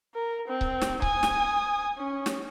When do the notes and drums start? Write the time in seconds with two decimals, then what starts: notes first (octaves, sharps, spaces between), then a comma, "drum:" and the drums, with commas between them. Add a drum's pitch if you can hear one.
0.15 A#4
0.48 C4
0.61 drum: kick C#1
0.81 drum: snare
1.02 G#5 D#6, drum: kick C#1
1.23 drum: snare
1.98 C#4
2.26 drum: snare